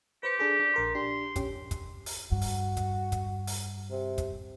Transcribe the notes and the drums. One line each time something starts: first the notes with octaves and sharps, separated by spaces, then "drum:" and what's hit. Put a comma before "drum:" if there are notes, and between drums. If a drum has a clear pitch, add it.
G4 B4 C5 C#7
D4 G#4 A4
D4
A#1 A#4 C6
D4 G4 C6
A#1 C#4 G4, drum: kick, hi-hat
drum: kick, hi-hat
drum: open hi-hat
G2 F#4
drum: open hi-hat
drum: kick, hi-hat
drum: kick, hi-hat
drum: open hi-hat
C3
drum: kick, hi-hat